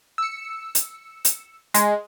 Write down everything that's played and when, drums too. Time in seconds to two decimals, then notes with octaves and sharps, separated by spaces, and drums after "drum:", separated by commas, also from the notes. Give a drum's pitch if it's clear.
0.18 E6 C#7
0.75 drum: hi-hat
1.25 drum: hi-hat
1.74 G#3, drum: hi-hat